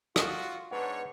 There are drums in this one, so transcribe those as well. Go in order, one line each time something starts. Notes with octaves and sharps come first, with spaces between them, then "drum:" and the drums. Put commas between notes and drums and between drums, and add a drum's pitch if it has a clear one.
F4 F#4, drum: rim click
G#2 D4 B4 C#5 F#5